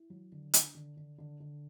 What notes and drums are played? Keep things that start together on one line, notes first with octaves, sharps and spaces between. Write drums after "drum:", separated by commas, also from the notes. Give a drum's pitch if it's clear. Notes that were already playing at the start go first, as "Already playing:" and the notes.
Already playing: E4
F#3
D3
D4, drum: hi-hat
D3
D3
D3
D3